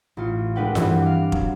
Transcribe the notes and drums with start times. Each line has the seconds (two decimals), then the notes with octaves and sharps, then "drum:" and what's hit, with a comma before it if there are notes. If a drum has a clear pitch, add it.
0.17 A1 F4 C#7
0.56 C2 G#3 D4 B4 F#5 G5
0.75 G2 E3 G3 B3 C4, drum: snare F4
1.02 F5 D6
1.32 F#3, drum: kick F1